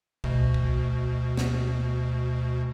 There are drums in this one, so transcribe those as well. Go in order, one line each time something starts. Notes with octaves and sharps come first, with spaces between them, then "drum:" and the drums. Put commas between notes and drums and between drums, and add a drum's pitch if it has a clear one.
D2 B2, drum: kick
drum: kick
drum: snare